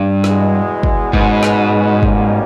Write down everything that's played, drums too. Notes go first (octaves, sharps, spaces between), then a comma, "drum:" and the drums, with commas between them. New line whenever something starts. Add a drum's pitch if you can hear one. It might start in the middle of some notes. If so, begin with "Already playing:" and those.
Already playing: G2
E2 B2 G#3, drum: snare
drum: kick
G#2 B2 G#3 C#4 F#4 B4, drum: kick
drum: snare
B1 B2 G3 A#3 C#4, drum: kick